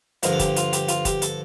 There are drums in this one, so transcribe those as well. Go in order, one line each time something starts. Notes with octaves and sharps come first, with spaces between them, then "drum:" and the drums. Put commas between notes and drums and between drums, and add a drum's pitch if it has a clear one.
G2 D3 F3 A#4, drum: hi-hat
A4
G4, drum: kick F1, hi-hat
F4, drum: hi-hat
G4, drum: hi-hat
F4, drum: hi-hat
G4, drum: kick F1, hi-hat
A4, drum: hi-hat